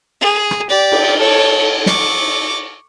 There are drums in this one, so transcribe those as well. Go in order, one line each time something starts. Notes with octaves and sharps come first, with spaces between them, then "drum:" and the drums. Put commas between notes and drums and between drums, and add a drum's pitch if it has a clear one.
G#4
drum: rim click
G4 D5
drum: cymbal
A4 C#5
C#6 D6, drum: snare